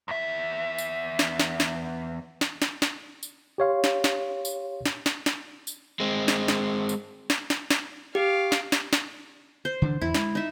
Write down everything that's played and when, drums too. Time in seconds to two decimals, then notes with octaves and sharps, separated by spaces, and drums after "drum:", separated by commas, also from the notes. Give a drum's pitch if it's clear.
0.08 E2 E5
0.78 drum: tambourine
1.19 drum: snare
1.39 drum: snare
1.60 drum: snare
2.41 drum: snare
2.62 drum: snare
2.82 drum: snare
3.23 drum: tambourine
3.58 G4 C#5 F5 C6
3.84 drum: snare
4.04 drum: snare
4.45 drum: tambourine
4.86 drum: snare
5.06 drum: snare
5.26 drum: snare
5.67 drum: tambourine
6.00 G#3 C4
6.28 drum: snare
6.48 drum: snare
6.89 drum: tambourine
7.30 drum: snare
7.50 drum: snare
7.70 drum: snare
8.15 G4 F5 D6
8.52 drum: snare
8.72 drum: snare
8.93 drum: snare
9.65 C5
9.82 D3 E3 D4
10.01 E2 G2 E4
10.15 G#3, drum: snare
10.35 D#4 E5